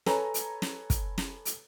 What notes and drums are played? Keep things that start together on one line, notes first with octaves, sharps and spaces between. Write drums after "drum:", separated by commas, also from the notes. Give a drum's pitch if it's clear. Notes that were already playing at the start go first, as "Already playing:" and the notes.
A4 B4 C#5 G#5 A#5, drum: snare
drum: hi-hat
drum: snare
drum: kick, hi-hat
drum: snare
drum: hi-hat